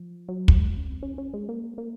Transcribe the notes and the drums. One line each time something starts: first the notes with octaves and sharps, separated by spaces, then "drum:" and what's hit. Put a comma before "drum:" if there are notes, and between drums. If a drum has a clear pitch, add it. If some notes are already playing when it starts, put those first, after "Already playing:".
Already playing: F3
F#3
drum: kick
G#3
C#4
C4
C#4
C#4
G#3
A#3
A#3